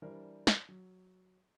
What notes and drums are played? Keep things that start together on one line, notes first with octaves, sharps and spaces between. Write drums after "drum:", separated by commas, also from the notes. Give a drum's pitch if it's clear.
E3 G3 D4 A#4 C5 D5
drum: snare
F#3